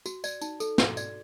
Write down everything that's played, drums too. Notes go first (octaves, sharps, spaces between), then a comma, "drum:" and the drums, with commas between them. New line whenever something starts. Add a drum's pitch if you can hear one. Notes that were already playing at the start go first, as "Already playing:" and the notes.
F#4, drum: tambourine
D5, drum: tambourine
D#4, drum: tambourine
A4, drum: tambourine
F#4, drum: snare
D5, drum: tambourine